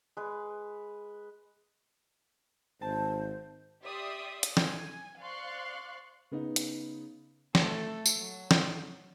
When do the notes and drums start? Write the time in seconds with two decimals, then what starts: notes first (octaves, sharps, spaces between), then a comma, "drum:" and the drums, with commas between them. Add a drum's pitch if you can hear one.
0.17 G#3 B4
2.81 G#1 C5 A5
3.84 G4 D5 E5 C6 D#6
4.43 drum: hi-hat
4.57 G#5, drum: snare
5.22 C5 D5 F5 C6 C#6 F#6
6.31 C#3 B3 D#4
6.56 drum: hi-hat
7.55 A3 A4, drum: snare
8.06 drum: tambourine
8.18 F#3
8.51 drum: snare